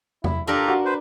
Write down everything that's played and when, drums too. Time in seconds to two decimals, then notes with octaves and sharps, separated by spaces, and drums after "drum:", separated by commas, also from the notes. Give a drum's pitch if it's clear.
0.24 E4, drum: tom E2
0.47 D4 F4 G4 A4 A#4 D5 A#5
0.68 F#4
0.85 B4 C5